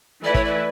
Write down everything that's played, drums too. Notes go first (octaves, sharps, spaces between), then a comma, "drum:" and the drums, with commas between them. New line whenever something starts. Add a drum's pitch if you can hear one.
E3 A3 E4 B4 D5
C#5, drum: kick
D5